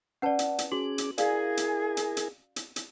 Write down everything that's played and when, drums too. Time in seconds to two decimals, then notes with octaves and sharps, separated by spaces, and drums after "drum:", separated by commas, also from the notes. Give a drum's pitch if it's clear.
0.22 C#4 B4 D5 F#5 A5
0.39 drum: hi-hat
0.59 drum: hi-hat
0.72 C#4 F#4 G#4 D6 F#7
0.98 drum: hi-hat
1.18 E4 G#4 A#4 D5 F5 G#5, drum: hi-hat
1.57 drum: hi-hat
1.97 drum: hi-hat
2.17 drum: hi-hat
2.56 drum: hi-hat
2.76 drum: hi-hat